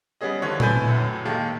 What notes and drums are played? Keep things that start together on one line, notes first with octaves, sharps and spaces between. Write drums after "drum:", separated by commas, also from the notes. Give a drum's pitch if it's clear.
G3 B3 C#4 G#4 D#5
D3 E3 F3 C#5
A3 E4 B4 G#5 G6 A6, drum: tom A#2
F#2 A2
D#3 G#3 A#3 G4 A4